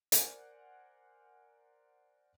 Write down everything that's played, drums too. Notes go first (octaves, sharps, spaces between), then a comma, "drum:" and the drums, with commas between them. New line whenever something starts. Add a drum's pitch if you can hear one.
A#4 C5 D5 F#5 G#5, drum: hi-hat